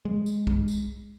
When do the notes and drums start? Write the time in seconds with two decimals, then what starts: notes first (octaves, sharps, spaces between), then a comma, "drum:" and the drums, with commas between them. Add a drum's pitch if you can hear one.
0.05 G#3
0.26 drum: tambourine
0.47 drum: kick
0.68 drum: tambourine